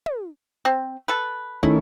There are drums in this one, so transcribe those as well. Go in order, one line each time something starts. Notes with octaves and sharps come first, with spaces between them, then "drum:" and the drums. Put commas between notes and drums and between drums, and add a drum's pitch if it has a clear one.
drum: tom
C4
A4 B4
D#3 A3 C#4 E4, drum: kick